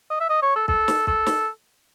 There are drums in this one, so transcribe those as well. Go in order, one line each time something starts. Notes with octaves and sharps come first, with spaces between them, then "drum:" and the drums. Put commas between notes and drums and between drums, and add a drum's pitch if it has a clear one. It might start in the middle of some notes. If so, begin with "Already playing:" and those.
D#5
E5
D#5
C#5
A4
A4, drum: kick
drum: snare
A4, drum: kick
drum: snare